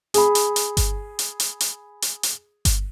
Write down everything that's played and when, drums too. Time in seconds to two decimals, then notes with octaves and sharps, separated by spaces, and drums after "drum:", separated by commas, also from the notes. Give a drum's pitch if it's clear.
0.14 G#4 B5, drum: hi-hat
0.35 drum: hi-hat
0.56 drum: hi-hat
0.77 drum: kick G1, hi-hat
1.19 drum: hi-hat
1.40 drum: hi-hat
1.60 drum: hi-hat
2.02 drum: hi-hat
2.23 drum: hi-hat
2.65 drum: kick G1, hi-hat